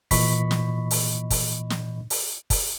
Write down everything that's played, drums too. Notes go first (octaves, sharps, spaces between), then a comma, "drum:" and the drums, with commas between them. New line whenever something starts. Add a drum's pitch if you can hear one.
A#2 E3 D#5 B5 C#6 B6, drum: kick, open hi-hat
drum: snare
drum: open hi-hat
drum: kick, open hi-hat
drum: snare
drum: open hi-hat
drum: kick, open hi-hat